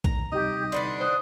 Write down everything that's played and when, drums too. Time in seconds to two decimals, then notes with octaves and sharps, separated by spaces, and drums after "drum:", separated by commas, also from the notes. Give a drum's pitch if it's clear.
0.04 F#2 A2 D#3 A#5, drum: kick A#1
0.32 C3 G3 D#4 G4 D#5 G6
0.72 D3 E3 D4 B5 C6
1.00 C5 D#6 F#6